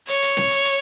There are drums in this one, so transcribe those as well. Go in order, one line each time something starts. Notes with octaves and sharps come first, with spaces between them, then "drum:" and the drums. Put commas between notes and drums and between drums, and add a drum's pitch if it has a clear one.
C#5, drum: hi-hat
drum: hi-hat
drum: snare
drum: hi-hat
drum: hi-hat